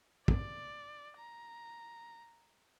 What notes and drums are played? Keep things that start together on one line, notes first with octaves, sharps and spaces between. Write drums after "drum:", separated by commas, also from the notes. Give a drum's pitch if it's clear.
D5, drum: kick
A#5